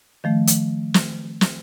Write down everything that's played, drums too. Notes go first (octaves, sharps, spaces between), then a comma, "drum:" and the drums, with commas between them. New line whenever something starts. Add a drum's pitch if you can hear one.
D#3 F3 A3
drum: hi-hat
drum: snare
drum: snare